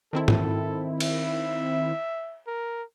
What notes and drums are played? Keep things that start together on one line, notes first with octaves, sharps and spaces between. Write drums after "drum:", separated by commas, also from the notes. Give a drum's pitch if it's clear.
D#3 C4 E4 A4
drum: tom G#2
E5, drum: cymbal
A#4